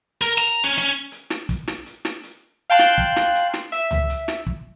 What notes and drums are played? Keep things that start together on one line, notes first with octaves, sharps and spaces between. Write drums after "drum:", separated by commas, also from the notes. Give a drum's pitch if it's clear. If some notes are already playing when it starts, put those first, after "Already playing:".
A#4
A#5, drum: hi-hat
C#4
C#4
drum: hi-hat
drum: snare
drum: kick, hi-hat
drum: snare
drum: hi-hat
drum: snare
drum: hi-hat
F5 G5 A5 C6 F#6 C7
drum: snare
drum: kick, hi-hat
drum: snare
drum: hi-hat
drum: snare
E5, drum: hi-hat
drum: tom C#2
drum: hi-hat
drum: snare
drum: kick